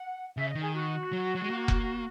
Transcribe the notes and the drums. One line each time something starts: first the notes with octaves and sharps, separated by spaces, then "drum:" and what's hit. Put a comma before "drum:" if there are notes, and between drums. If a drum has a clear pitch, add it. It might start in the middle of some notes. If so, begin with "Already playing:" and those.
Already playing: F#5
C#3 E5
D#5
D#3
G#4
F#4
F#3
F#3
G#3
A#3
drum: kick F1